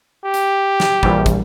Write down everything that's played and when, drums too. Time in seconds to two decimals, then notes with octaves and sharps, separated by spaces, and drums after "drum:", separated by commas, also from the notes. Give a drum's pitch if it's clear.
0.24 G4
0.34 drum: hi-hat
0.80 drum: snare
1.03 A#1 E3 G3, drum: kick
1.26 drum: kick, hi-hat